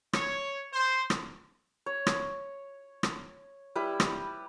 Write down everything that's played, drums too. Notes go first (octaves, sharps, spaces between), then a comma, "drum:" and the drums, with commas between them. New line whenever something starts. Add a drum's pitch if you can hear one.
C#5, drum: rim click
C5
drum: rim click
C#5
drum: rim click
drum: rim click
G3 E4 B4
drum: rim click